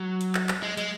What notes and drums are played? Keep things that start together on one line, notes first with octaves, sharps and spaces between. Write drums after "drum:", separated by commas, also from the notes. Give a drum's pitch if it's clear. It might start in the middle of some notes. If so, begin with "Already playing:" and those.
Already playing: F#3
drum: hi-hat
drum: clap
drum: clap
G#3
G#3, drum: hi-hat